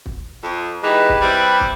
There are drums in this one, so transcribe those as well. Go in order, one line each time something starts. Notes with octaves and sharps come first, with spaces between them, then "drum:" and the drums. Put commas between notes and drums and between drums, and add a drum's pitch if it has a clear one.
drum: kick
F2
E3 G#3 D#4 G4 B4
drum: kick
G3 C4 E4
drum: kick